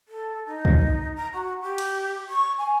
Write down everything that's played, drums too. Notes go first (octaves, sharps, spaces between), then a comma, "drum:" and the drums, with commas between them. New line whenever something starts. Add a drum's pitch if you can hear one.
A4
D#4
drum: kick
A#5
F#4
G4
drum: cymbal
C#6
G#5